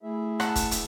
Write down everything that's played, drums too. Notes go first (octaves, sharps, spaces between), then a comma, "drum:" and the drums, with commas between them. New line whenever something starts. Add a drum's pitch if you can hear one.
A3 E4 G#4 E5
F#5 A5, drum: rim click
drum: kick, hi-hat
drum: hi-hat